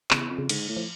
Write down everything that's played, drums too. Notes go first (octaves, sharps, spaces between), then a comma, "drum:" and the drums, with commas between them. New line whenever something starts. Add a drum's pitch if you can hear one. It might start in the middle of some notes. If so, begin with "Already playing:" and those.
E2 C#3, drum: clap
F2
C#3
G#2 D3, drum: cymbal
A2
F3